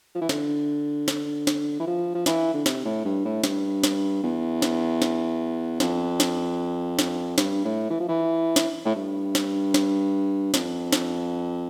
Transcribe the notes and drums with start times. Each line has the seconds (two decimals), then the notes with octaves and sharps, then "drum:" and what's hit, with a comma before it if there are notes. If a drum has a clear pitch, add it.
0.15 F3
0.21 E3
0.29 D3, drum: snare
1.08 drum: snare
1.47 drum: snare
1.80 E3
1.87 F3
2.14 F3
2.26 E3, drum: snare
2.54 D3
2.66 C3, drum: snare
2.85 A2
3.05 G2
3.25 A2
3.44 G2, drum: snare
3.84 drum: snare
4.23 E2
4.62 drum: snare
5.02 drum: snare
5.80 F2, drum: snare
6.20 drum: snare
6.99 drum: snare
7.38 G2, drum: snare
7.65 A2
7.90 E3
8.00 F3
8.08 E3
8.56 drum: snare
8.85 A2
8.95 G2
9.35 drum: snare
9.74 drum: snare
10.54 F2, drum: snare
10.93 drum: snare